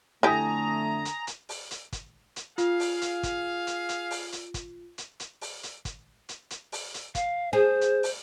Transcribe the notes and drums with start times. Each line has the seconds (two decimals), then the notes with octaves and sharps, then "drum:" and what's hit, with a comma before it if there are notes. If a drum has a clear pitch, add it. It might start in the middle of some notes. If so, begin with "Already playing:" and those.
0.23 F2 D3 A3 E4 G4 G#5 A#5 D#6
1.05 drum: hi-hat
1.27 drum: hi-hat
1.49 drum: open hi-hat
1.71 drum: hi-hat
1.93 drum: kick, hi-hat
2.36 drum: hi-hat
2.58 F4 G#4 F5, drum: hi-hat
2.80 drum: open hi-hat
3.02 drum: hi-hat
3.23 drum: kick, hi-hat
3.67 drum: hi-hat
3.89 drum: hi-hat
4.11 drum: open hi-hat
4.32 drum: hi-hat
4.54 drum: kick, hi-hat
4.98 drum: hi-hat
5.20 drum: hi-hat
5.41 drum: open hi-hat
5.63 drum: hi-hat
5.85 drum: kick, hi-hat
6.29 drum: hi-hat
6.50 drum: hi-hat
6.72 drum: open hi-hat
6.94 drum: hi-hat
7.15 F5, drum: kick, hi-hat
7.53 G#4 C5
7.81 drum: hi-hat
8.03 drum: open hi-hat